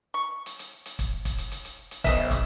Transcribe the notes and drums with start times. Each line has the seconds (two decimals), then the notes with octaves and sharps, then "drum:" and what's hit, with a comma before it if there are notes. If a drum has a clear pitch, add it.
0.14 C#6
0.46 drum: hi-hat
0.59 drum: hi-hat
0.86 drum: hi-hat
0.99 drum: kick, hi-hat
1.25 drum: kick, hi-hat
1.38 drum: hi-hat
1.52 drum: hi-hat
1.65 drum: hi-hat
1.91 drum: hi-hat
2.04 B1 C5 D#5 E5, drum: kick, hi-hat
2.31 drum: kick, hi-hat